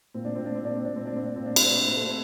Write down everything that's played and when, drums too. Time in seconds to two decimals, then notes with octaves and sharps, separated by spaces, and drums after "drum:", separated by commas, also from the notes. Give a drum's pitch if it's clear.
0.14 A#2 C4
0.25 D4
0.35 A#2 C4
0.45 D4
0.55 C4
0.64 A#2 D4
0.76 C4
0.85 A#2 D4
0.96 C4
1.06 D4
1.13 A#2 C4
1.26 D4
1.36 A#2 C4
1.46 D4
1.56 C4, drum: cymbal
1.61 A#2 D4
1.77 C4
1.86 A#2 D4
1.96 A3 C4